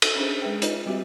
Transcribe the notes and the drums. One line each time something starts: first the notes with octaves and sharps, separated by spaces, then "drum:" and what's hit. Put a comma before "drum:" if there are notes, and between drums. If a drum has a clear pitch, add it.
drum: cymbal
C#4 D4 G#4 C5
G#3 G#4 B4 E5 G5
D#4 F4 B4 D#5, drum: hi-hat
G3 C4 F#4 G4 E5